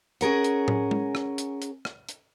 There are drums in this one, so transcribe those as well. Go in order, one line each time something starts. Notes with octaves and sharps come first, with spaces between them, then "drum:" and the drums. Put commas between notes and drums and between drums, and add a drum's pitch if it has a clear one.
C#4 G#4 A#4 F#5, drum: hi-hat
drum: hi-hat
drum: tom A2
drum: tom G#3
drum: rim click
drum: hi-hat
drum: hi-hat
drum: rim click
drum: hi-hat